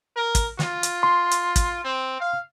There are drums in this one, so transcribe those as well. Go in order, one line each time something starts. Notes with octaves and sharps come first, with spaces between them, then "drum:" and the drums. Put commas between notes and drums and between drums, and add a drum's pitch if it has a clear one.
A#4
drum: kick, hi-hat
F4, drum: snare
drum: hi-hat
C6
drum: hi-hat
drum: kick, hi-hat
C4
F5